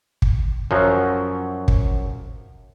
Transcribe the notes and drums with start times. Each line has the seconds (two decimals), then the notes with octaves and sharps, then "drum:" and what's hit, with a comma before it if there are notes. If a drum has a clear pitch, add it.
0.22 drum: kick
0.71 F#2 F3 F#3
1.68 drum: kick